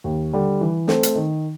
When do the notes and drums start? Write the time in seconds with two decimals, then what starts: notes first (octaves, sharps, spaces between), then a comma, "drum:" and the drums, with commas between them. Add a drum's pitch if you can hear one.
0.04 D#2
0.33 D3 G3
0.61 E3
0.88 A3 C4, drum: snare
1.03 drum: hi-hat
1.15 D#3